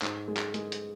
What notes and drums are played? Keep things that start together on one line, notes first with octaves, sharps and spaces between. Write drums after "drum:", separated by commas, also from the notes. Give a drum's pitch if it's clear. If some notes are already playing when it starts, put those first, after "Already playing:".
G#2, drum: clap
G#3
drum: clap
G#3, drum: hi-hat
drum: hi-hat